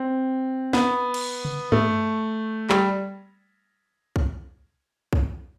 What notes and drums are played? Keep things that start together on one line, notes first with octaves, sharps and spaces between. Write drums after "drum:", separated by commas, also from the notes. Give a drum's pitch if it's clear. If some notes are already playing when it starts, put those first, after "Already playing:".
Already playing: C4
B3, drum: snare
drum: cymbal
drum: tom
A3, drum: tom G2
G3, drum: clap
drum: kick B1
drum: kick B1